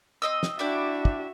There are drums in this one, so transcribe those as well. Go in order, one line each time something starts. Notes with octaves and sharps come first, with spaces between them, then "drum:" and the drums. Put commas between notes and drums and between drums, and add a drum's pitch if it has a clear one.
C4 D#5 E6
drum: snare
D4 E4 F#4 D5 E5 G5
drum: kick